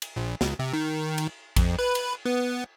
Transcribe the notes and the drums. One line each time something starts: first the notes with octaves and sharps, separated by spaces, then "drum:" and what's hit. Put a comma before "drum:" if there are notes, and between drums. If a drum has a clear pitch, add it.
drum: cymbal
A#1
C#2, drum: snare
C3
D#3
drum: cymbal
F2, drum: kick A#1, cymbal
B4
drum: cymbal
B3